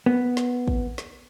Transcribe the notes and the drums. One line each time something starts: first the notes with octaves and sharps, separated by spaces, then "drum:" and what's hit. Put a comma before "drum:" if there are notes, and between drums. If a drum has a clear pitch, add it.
B3
drum: snare
drum: kick
drum: snare